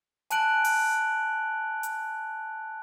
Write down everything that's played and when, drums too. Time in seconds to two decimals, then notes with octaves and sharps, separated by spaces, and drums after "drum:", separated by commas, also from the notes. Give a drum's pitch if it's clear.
0.31 G#5 A5 F#6 D7 F#7, drum: hi-hat
0.65 drum: open hi-hat
1.83 drum: hi-hat